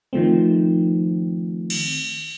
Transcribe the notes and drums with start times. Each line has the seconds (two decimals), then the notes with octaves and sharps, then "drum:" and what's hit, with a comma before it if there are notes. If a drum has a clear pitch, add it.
0.13 D#3 F3 A3 C4
1.70 drum: cymbal